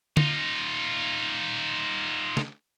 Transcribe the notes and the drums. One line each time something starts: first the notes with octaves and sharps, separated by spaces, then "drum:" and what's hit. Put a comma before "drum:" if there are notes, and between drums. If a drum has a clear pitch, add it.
D#4 F4, drum: tom
drum: snare